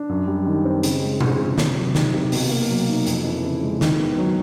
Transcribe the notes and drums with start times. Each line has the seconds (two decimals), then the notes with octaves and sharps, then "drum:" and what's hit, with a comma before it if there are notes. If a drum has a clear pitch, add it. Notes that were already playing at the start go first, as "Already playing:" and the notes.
Already playing: D4
0.09 F#2
0.27 G3
0.46 D#3
0.65 C4
0.83 C#3, drum: hi-hat
1.02 G#3
1.21 F3, drum: tom B2
1.39 C4
1.58 C3, drum: snare
1.77 F#3
1.95 D#3, drum: snare
2.13 C3
2.32 B2, drum: open hi-hat
2.50 A#3
2.69 F#3
2.88 D#4
3.07 F2, drum: hi-hat
3.25 E3
3.43 C#3
3.62 G#3
3.81 D#3, drum: snare
4.00 B3
4.18 F#3